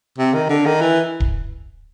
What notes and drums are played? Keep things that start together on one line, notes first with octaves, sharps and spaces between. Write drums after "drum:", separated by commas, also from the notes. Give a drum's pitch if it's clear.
C3
D#3
D3
D#3
E3
drum: kick D1